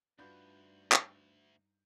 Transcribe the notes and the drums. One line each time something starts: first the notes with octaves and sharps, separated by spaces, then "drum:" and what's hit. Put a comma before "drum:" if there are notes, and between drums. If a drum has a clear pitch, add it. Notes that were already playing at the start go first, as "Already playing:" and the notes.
D2 G2 D4 D#4 F4 F#4 B4 G6
drum: clap